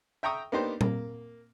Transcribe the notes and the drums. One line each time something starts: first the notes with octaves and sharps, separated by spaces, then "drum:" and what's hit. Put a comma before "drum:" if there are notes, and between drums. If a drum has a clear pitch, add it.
E5 G5 A#5 C#6 D#6
A#3 B3 D4 D#4 G4 C5
A#3, drum: tom A#2